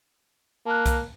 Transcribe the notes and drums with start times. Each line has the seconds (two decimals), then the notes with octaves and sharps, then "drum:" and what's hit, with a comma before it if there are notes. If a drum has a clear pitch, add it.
0.66 A#3 A5 F6 F#6
0.86 drum: kick C2, hi-hat